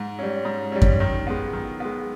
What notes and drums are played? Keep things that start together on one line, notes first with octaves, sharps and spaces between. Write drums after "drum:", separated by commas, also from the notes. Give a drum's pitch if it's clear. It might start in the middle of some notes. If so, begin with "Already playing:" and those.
Already playing: G#2
G3 C#4
G#2
G3 C#4
drum: kick F#2
D#3
G#3 B3
D#3
G#3 B3